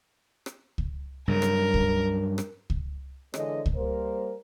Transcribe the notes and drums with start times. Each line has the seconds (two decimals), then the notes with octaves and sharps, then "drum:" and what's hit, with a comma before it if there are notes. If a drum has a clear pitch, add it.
0.46 drum: rim click
0.78 drum: kick C#2
1.28 G2 C#3 F#3 A#4
1.42 drum: rim click
1.74 drum: kick C#2
2.38 drum: rim click
2.70 drum: kick C#2
3.34 D3 E3 G#3 C#5 D#5, drum: rim click
3.66 drum: kick C#2
3.75 G3 A#3 A#4 C5